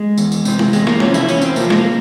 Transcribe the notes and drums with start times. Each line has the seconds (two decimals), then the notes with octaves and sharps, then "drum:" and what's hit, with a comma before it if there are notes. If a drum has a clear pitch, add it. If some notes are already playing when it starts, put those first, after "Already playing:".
Already playing: G#3
0.18 E2, drum: tambourine
0.32 drum: tambourine
0.45 C3 E3, drum: tambourine
0.59 drum: snare
0.73 E2 G#3, drum: tambourine
0.87 A#3, drum: snare
1.00 C3 F3 C#4, drum: snare
1.14 E4, drum: tambourine
1.29 E2 C#4, drum: tambourine
1.42 C4, drum: tambourine
1.56 C3 F3 A#3, drum: tambourine
1.70 G#3, drum: snare
1.78 A#3